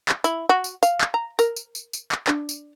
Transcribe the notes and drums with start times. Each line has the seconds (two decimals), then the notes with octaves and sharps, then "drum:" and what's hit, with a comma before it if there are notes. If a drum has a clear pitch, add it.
0.09 drum: clap
0.24 E4, drum: tambourine
0.49 F#4
0.64 drum: tambourine
0.83 F5, drum: tambourine
1.01 drum: clap
1.14 A#5
1.39 A#4, drum: tambourine
1.56 drum: tambourine
1.75 drum: tambourine
1.93 drum: tambourine
2.12 drum: clap
2.27 D4, drum: clap
2.49 drum: tambourine